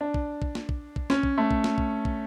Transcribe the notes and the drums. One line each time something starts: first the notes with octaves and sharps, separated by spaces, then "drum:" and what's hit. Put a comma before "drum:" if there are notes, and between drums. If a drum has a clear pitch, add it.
D4
drum: kick
drum: kick
drum: snare
drum: kick
drum: kick
C#4, drum: snare
drum: kick
A3
drum: kick
drum: snare
drum: kick
drum: kick